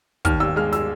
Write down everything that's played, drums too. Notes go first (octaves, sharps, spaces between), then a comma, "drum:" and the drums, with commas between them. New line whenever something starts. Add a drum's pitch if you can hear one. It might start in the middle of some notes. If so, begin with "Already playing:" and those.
D#2 F6, drum: kick, hi-hat
D#2 E6
G#3 F6
E6, drum: snare